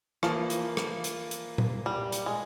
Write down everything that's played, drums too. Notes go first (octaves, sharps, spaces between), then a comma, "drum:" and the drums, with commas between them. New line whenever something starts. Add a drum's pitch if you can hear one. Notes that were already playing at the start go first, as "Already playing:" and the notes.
E3 F3 A#3 F4, drum: rim click
drum: hi-hat
drum: rim click
drum: hi-hat
drum: hi-hat
drum: tom A#2
G3
drum: hi-hat
G#3